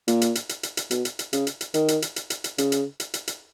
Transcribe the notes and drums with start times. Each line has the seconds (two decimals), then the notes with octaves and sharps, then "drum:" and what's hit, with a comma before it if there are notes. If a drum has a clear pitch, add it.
0.08 A#2, drum: hi-hat
0.22 drum: hi-hat
0.35 drum: hi-hat
0.49 drum: hi-hat
0.63 drum: hi-hat
0.77 drum: hi-hat
0.91 B2, drum: hi-hat
1.05 drum: hi-hat
1.19 drum: hi-hat
1.33 C#3, drum: hi-hat
1.47 drum: hi-hat
1.61 drum: hi-hat
1.74 D#3, drum: hi-hat
1.88 drum: hi-hat
2.02 drum: hi-hat
2.16 drum: hi-hat
2.30 drum: hi-hat
2.44 drum: hi-hat
2.58 C#3, drum: hi-hat
2.72 drum: hi-hat
3.00 drum: hi-hat
3.14 drum: hi-hat
3.28 drum: hi-hat